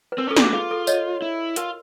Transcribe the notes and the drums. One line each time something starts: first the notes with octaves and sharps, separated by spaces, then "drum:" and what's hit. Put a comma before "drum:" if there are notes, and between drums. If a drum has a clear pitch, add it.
B4
C4 A#4
C#4
A4
D4, drum: snare
G#4
F#4
F4 G#4
A4
C#5 D#5, drum: tambourine
E4
F4 A#4, drum: hi-hat